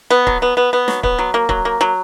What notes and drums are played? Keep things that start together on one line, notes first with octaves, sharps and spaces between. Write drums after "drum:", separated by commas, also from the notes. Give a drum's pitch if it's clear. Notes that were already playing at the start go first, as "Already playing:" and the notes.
B3
F#3, drum: kick
B3
B3
B3
F#3, drum: snare
B3, drum: kick
F#3
A#3
F#3, drum: kick
A#3
F#3